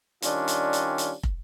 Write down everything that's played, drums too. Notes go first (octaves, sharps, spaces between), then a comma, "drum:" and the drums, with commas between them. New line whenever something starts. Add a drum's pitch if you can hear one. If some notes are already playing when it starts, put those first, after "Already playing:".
D#3 G3 C#4 D4 F4, drum: hi-hat
drum: hi-hat
drum: hi-hat
drum: hi-hat
drum: kick